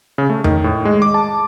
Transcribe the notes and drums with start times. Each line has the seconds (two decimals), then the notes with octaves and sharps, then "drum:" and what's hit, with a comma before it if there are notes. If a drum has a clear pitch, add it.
0.18 C#3
0.30 A3
0.44 D#3, drum: tom E2
0.64 A2
0.85 G#3
1.02 D6
1.14 A5